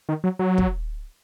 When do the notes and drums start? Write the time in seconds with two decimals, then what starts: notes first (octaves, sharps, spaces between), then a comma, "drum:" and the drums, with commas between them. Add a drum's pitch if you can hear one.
0.09 D#3
0.24 F#3
0.39 F#3
0.58 drum: kick